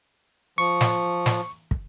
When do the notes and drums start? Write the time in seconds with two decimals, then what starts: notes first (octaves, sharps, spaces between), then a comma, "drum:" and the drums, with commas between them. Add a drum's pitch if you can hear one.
0.58 F3 C#6
0.81 drum: snare
1.26 drum: snare
1.71 drum: kick